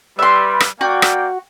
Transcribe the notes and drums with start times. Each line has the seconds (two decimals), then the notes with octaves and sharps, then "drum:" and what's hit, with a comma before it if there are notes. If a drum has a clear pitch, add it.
0.19 G3 B4 E5 C6
0.60 drum: rim click
0.81 A#3 F#4 D5 G5
1.02 drum: rim click